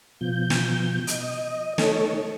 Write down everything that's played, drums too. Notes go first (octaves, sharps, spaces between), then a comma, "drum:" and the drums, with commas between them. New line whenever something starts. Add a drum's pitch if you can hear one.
B2 F3 G6
drum: snare
D#5, drum: hi-hat
A3 D#4 A4 C#5, drum: snare